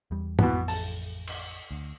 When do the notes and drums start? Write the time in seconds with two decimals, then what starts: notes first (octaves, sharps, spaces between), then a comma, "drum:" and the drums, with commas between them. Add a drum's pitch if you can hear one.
0.11 E2 G3
0.39 D#2 B2 E3 F3 B3, drum: tom
0.53 A1 F2
0.68 A5, drum: open hi-hat
1.27 drum: cymbal
1.71 D2